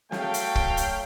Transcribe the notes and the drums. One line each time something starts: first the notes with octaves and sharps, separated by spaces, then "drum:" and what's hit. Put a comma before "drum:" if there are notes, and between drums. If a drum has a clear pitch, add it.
F#3 A3 F5 G5, drum: snare
drum: hi-hat
drum: kick
drum: hi-hat